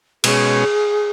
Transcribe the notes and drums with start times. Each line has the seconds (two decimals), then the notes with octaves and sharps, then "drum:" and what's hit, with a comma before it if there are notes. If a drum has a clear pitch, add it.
0.24 B2 G#3 C#4 G#4, drum: cymbal